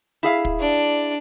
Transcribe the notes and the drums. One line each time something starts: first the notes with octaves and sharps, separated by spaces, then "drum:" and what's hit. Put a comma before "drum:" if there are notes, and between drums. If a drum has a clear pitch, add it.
E4 G#4 F5
drum: kick
D4 D5